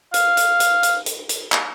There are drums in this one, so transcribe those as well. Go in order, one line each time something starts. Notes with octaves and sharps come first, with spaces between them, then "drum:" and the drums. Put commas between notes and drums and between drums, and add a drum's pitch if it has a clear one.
F5, drum: hi-hat
drum: hi-hat
drum: hi-hat
drum: hi-hat
drum: hi-hat
drum: hi-hat
drum: clap